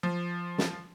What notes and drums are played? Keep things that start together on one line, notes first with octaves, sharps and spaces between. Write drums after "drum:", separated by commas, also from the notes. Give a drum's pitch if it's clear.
F3
drum: snare